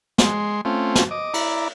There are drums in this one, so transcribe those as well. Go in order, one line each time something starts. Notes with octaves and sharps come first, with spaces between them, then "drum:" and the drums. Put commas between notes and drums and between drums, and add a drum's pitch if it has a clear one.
G#3 C6, drum: snare
A3 C4 C#4 F4
drum: snare
D#5 D6
E4 D5 A#5, drum: cymbal